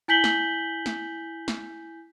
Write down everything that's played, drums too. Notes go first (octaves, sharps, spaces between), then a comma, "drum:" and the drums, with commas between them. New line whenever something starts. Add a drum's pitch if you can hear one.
E4 G#5 G6 B6 F#7 G7
drum: snare
drum: snare
drum: snare